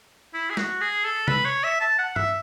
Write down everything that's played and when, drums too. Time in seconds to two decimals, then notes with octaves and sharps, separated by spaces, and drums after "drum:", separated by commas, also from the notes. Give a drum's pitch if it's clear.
0.34 E4
0.50 G#4
0.57 F#4, drum: snare
0.81 G#4
1.04 A4
1.28 B4, drum: tom C3
1.45 C#5
1.64 E5
1.81 A5
1.98 F#5
2.16 E5, drum: tom G2